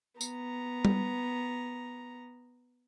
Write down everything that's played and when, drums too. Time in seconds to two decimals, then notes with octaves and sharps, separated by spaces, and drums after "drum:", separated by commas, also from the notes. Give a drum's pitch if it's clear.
0.21 B3 A#5, drum: tambourine
0.85 drum: tom G3